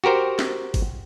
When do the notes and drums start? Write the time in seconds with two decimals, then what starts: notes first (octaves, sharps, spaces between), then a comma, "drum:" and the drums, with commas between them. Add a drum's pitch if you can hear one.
0.04 F#4 G4 A#4 C5
0.39 drum: snare
0.74 drum: kick, open hi-hat